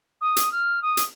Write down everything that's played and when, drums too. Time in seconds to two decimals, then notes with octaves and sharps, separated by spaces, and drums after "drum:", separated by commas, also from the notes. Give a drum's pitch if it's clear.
0.21 D#6
0.37 drum: hi-hat
0.52 F6
0.82 D#6
0.97 drum: hi-hat